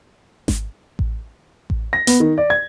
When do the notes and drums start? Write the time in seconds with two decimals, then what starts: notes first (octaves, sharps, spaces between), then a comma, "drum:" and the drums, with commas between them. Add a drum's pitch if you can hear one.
0.48 drum: snare G#1
0.99 drum: kick A1
1.70 drum: kick A1
1.93 A#6
2.07 B3, drum: hi-hat
2.20 D#3
2.38 D5
2.50 G#6